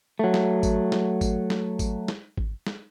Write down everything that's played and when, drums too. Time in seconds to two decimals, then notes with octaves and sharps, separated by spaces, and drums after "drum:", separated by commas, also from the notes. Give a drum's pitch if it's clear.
0.19 F#3 A3
0.34 drum: snare
0.63 drum: kick G#1, tambourine
0.92 drum: snare
1.21 drum: kick G#1, tambourine
1.50 drum: snare
1.79 drum: kick G#1, tambourine
2.08 drum: snare
2.37 drum: kick G#1
2.67 drum: snare